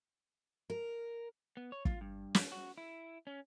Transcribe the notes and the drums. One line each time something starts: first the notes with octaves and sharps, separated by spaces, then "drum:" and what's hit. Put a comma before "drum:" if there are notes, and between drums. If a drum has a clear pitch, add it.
A#4
B3
C#5
F4, drum: kick
G2
drum: snare
F#4
E4
C#4